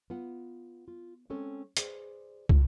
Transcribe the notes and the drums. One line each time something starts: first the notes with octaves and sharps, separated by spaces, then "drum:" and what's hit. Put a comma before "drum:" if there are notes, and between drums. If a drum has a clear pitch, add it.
B3 F4 F#5
F4
G#3 C4 C#4 A4
G#4 B4 C5 D5, drum: hi-hat
F4, drum: kick